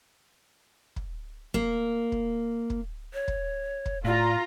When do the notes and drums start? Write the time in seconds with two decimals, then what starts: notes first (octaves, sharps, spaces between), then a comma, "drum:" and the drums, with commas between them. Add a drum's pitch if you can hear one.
0.96 drum: kick
1.54 A#3, drum: kick
2.12 drum: kick
2.70 drum: kick
3.14 C#5
3.28 drum: kick
3.86 drum: kick
4.05 A2 F4 D5 A#5